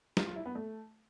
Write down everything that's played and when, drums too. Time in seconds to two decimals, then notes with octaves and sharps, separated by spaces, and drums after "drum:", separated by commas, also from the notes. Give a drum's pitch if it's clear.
0.17 F4, drum: snare
0.27 F4
0.36 E4
0.46 B3
0.55 A3